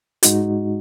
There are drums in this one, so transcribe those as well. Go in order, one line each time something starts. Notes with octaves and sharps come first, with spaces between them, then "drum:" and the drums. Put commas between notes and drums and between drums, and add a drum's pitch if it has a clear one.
G#2 G#3 D#4 F#4, drum: hi-hat